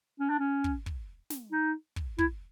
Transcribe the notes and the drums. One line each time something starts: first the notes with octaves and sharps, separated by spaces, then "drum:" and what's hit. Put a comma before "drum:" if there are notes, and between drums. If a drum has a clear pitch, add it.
C#4
D4
C#4
drum: kick
drum: kick
drum: snare
D#4
drum: kick
E4, drum: kick